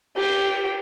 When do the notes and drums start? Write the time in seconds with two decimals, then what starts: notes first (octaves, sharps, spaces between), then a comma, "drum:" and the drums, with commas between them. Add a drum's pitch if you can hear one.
0.16 G4 G5, drum: cymbal